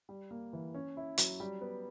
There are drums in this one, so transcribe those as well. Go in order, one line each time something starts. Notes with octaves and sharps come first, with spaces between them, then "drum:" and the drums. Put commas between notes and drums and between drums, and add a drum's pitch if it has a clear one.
G3
A#3
E3
C#4
E4
F#3, drum: hi-hat
G3
B3